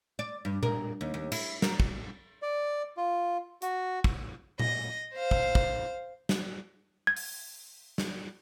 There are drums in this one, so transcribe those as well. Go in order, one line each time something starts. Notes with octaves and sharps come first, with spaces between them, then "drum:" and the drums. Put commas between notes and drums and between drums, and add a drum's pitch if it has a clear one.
D5
G2
A#4, drum: tom A#2
D#2
D#2
E4, drum: cymbal
A#4, drum: snare
drum: kick
D5
F4
F#4, drum: hi-hat
drum: kick
D#5, drum: tom A#2
C5 F5
drum: kick
drum: kick
drum: snare
G#6
drum: open hi-hat
drum: snare